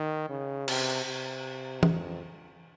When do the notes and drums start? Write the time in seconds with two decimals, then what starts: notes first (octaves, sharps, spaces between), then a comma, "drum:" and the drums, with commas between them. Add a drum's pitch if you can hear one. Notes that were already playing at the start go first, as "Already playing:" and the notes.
Already playing: D#3
0.29 C#3
0.68 C3, drum: cymbal
1.06 C3
1.83 F2, drum: tom